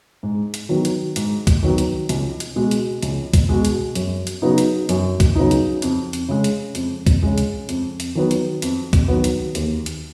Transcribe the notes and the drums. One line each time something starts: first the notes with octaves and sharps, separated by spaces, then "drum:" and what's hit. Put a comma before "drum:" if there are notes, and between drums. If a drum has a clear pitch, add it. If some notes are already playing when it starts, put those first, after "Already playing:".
G#2
drum: hi-hat
D#3 F#3 B3
drum: hi-hat
G#2, drum: hi-hat
drum: kick, hi-hat
D#3 F#3 B3
drum: hi-hat
C#2, drum: hi-hat
drum: hi-hat
B2 G#3
drum: hi-hat
C#2, drum: hi-hat
drum: kick, hi-hat
B2 G#3
drum: hi-hat
F#2, drum: hi-hat
drum: hi-hat
C#3 F#3 B3 D#4
drum: hi-hat
F#2, drum: hi-hat
drum: kick, hi-hat
C#3 F#3 B3 D#4
drum: hi-hat
F2, drum: hi-hat
drum: hi-hat
C#3 G#3
drum: hi-hat
F2, drum: hi-hat
drum: kick, hi-hat
C#3 G#3
drum: hi-hat
F2, drum: hi-hat
drum: hi-hat
D#3 F#3 B3
drum: hi-hat
F2, drum: hi-hat
drum: kick, hi-hat
D#3 F#3 B3
drum: hi-hat
D#2, drum: hi-hat
drum: hi-hat